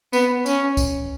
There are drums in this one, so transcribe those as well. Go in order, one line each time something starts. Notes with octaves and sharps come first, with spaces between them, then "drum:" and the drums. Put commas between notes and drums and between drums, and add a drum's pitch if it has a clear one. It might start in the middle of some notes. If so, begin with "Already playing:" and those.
B3, drum: tambourine
C#4, drum: tambourine
drum: kick C#2, tambourine